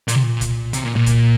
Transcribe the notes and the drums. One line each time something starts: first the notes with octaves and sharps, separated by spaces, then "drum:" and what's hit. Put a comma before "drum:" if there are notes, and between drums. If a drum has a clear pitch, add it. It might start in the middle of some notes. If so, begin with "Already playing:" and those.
A#2, drum: hi-hat
C3
A#2
drum: kick C2, hi-hat
C3, drum: hi-hat
A#2
A#2
drum: kick C2, hi-hat